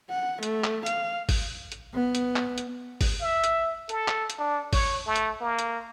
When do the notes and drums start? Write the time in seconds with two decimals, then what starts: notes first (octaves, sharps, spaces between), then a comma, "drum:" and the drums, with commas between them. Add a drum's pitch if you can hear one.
0.10 F#5
0.43 A3, drum: hi-hat
0.64 drum: clap
0.86 F5, drum: hi-hat
1.29 drum: kick G#1, open hi-hat
1.72 drum: hi-hat
1.94 B3
2.15 drum: hi-hat
2.36 drum: clap
2.58 drum: hi-hat
3.01 drum: kick G#1, open hi-hat
3.21 E5
3.44 drum: hi-hat
3.89 A4, drum: hi-hat
4.08 drum: clap
4.30 drum: hi-hat
4.39 D4
4.73 C#5, drum: kick G#1, open hi-hat
5.06 A3
5.16 drum: hi-hat
5.40 A#3
5.59 drum: hi-hat